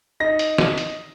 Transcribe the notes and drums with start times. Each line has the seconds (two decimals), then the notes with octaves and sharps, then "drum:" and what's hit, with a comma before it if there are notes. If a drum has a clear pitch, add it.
0.20 D#4 A#6
0.39 drum: hi-hat
0.58 drum: snare
0.78 drum: hi-hat